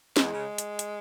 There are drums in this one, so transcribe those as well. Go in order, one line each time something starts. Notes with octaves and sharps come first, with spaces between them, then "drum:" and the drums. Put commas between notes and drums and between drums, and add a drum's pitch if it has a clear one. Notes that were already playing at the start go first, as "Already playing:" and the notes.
E2 G#3, drum: snare
C#3
drum: hi-hat
drum: hi-hat